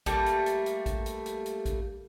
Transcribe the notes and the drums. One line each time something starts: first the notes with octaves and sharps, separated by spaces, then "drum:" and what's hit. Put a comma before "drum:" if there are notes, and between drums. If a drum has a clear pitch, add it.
G3 A3 A#3, drum: kick A1, hi-hat
drum: hi-hat
drum: hi-hat
drum: hi-hat
drum: kick A1, hi-hat
drum: hi-hat
drum: hi-hat
drum: hi-hat
drum: kick A1, hi-hat